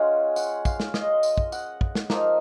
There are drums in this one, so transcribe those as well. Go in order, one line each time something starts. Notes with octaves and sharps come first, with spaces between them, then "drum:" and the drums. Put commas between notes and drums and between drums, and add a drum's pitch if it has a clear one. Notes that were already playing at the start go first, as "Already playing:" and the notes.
Already playing: G#3 C#4 F4 F#5
F#5, drum: tambourine
F5, drum: kick, tambourine
drum: snare
D#5, drum: snare
drum: tambourine
drum: kick
F#5, drum: tambourine
drum: kick
drum: snare
F3 A#3 D#4 F5, drum: snare